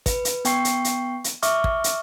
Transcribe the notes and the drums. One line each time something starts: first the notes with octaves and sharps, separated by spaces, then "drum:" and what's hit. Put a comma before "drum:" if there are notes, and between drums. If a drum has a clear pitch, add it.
B4, drum: kick, hi-hat
drum: hi-hat
B3 G5 C#6 C7, drum: hi-hat
drum: hi-hat
drum: hi-hat
drum: hi-hat
E5 C#6 D6 F6, drum: hi-hat
drum: kick
drum: hi-hat